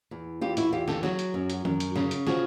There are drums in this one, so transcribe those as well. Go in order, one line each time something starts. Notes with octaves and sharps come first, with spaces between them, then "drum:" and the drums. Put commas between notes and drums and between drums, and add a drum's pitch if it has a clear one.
E2
E2 F4 G4
E4 F#4, drum: hi-hat
E2 F4 G4
G4 A4, drum: snare
F#3 F#4 G#4, drum: snare
drum: hi-hat
F#2
drum: hi-hat
F#2, drum: tom D#3
drum: hi-hat
C#3, drum: snare
drum: hi-hat
F3 F#4 G#4, drum: snare